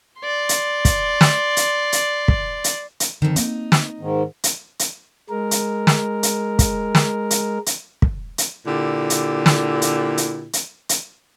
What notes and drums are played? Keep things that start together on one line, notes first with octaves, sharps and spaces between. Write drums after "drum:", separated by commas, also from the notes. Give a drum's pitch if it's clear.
D5 C6
drum: hi-hat
drum: kick, hi-hat
drum: snare
drum: hi-hat
drum: hi-hat
drum: kick
drum: hi-hat
drum: hi-hat
F2 D3 D#3
A#3 C4 D#4, drum: hi-hat
drum: snare
G#2 D#3
drum: hi-hat
drum: hi-hat
G#3 A#4
drum: hi-hat
drum: snare
drum: hi-hat
drum: kick, hi-hat
drum: snare
drum: hi-hat
drum: hi-hat
drum: kick
drum: hi-hat
A#2 D3 E4 G4
drum: hi-hat
drum: snare
drum: hi-hat
drum: hi-hat
drum: hi-hat
drum: hi-hat